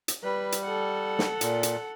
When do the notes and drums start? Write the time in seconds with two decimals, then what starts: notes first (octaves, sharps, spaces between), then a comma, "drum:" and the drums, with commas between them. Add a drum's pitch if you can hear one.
0.08 drum: hi-hat
0.24 G3 B4
0.52 drum: hi-hat
0.65 A4 F#5
1.19 drum: snare
1.41 A#2, drum: hi-hat
1.63 drum: hi-hat